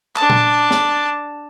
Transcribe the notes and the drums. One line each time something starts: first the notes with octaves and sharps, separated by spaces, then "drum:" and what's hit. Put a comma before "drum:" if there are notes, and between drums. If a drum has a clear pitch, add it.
D4 A5, drum: clap
drum: tom A#2
drum: snare